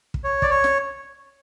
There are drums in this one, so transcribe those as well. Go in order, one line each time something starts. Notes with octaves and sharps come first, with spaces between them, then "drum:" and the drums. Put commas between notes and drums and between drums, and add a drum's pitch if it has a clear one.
drum: kick
C#5
D5, drum: kick
C#5
drum: snare